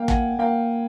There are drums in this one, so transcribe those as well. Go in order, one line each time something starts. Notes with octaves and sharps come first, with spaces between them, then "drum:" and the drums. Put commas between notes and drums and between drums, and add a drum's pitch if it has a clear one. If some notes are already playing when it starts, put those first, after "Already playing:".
Already playing: A#3 F5 G5
F#5 G#5, drum: kick
A#3 F5 G5